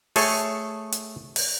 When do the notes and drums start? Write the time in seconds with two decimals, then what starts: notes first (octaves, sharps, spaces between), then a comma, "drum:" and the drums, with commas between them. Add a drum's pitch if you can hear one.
0.16 A3 G#4 A4 C#5, drum: open hi-hat
0.92 drum: hi-hat
1.36 drum: open hi-hat